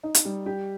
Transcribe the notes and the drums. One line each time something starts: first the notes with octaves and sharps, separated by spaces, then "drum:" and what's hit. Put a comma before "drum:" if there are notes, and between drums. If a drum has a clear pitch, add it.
D#4
drum: hi-hat
G3
G4